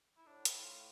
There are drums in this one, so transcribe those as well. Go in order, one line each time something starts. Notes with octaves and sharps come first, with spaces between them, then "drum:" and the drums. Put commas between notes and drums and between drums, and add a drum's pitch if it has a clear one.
E4
A2 D4
E4, drum: hi-hat
F4